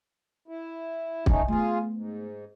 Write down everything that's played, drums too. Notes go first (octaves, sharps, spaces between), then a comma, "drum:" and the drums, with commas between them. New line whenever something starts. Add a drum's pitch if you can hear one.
E4
A3 C#4 D#4, drum: kick
A3 B3 F4 G#4
G#2